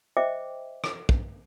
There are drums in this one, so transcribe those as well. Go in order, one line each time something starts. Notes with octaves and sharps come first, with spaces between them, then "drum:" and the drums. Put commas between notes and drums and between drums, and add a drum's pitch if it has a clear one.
C5 D#5 E5 G5 D6
drum: rim click
drum: kick